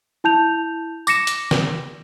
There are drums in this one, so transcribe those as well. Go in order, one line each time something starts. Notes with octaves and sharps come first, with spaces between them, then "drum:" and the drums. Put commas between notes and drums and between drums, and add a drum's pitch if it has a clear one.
E4 A5 G6 F7
D6 A#6 C#7 E7, drum: tambourine
drum: hi-hat
drum: snare